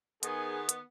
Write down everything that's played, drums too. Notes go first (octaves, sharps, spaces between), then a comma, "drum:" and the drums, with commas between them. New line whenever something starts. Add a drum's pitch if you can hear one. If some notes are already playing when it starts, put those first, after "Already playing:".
D#3 B3 D#4 G#4, drum: hi-hat
drum: hi-hat